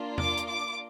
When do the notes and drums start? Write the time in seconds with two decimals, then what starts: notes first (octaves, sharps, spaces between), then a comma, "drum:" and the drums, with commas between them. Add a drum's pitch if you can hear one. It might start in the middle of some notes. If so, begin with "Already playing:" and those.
Already playing: A#3 D4 F4
0.18 D6, drum: tom E2
0.38 drum: hi-hat
0.48 D6